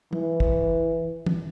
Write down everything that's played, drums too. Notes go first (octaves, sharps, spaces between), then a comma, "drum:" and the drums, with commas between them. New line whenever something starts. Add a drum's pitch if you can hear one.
E3, drum: tom
drum: kick
drum: tom E3